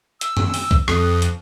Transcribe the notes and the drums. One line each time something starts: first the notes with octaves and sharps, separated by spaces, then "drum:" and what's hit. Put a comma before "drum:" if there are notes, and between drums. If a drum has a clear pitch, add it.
E6, drum: hi-hat
drum: tom F#2
drum: open hi-hat
drum: kick
F2 D#6, drum: rim click
drum: hi-hat